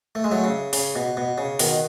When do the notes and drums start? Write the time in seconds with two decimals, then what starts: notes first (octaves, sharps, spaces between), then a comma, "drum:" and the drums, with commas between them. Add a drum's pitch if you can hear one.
0.15 A3
0.24 G#3
0.31 F#3 A3
0.44 C#3
0.73 C#3, drum: open hi-hat
0.95 B2
1.17 B2
1.38 C#3
1.59 B2 D#3, drum: open hi-hat